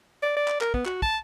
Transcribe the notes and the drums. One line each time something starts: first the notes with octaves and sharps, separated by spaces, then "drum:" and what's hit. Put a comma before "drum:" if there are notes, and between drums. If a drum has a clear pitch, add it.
D5
D5
drum: clap
A#4, drum: clap
B3, drum: kick
F#4, drum: clap
A5, drum: kick